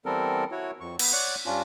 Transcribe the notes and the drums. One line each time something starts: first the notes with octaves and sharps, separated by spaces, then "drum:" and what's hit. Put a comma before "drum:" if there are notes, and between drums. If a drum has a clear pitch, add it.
E3 G3 B3 C4 A4 A#4
E4 F#4 C#5
F2 C#6
B3, drum: cymbal
C#5 D5 F#5 C#6 F#6
G2 C#4 D4 F4